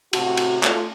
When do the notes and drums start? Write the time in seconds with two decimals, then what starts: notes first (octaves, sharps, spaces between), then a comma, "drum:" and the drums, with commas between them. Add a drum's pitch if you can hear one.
0.13 A2 C3 F#4, drum: cymbal
0.37 drum: cymbal
0.63 A3 F4, drum: clap